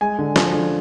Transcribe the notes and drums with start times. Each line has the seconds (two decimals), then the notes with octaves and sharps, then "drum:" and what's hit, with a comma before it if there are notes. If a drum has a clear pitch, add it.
0.01 G#3 G#5
0.19 D3
0.36 F3, drum: snare
0.54 D3